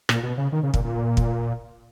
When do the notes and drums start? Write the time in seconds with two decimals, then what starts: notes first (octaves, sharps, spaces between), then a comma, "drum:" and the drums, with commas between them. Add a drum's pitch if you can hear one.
0.09 A#2, drum: rim click
0.23 B2
0.37 C#3
0.52 D#3
0.63 C#3
0.74 A#2, drum: kick
0.84 A#2
1.17 drum: kick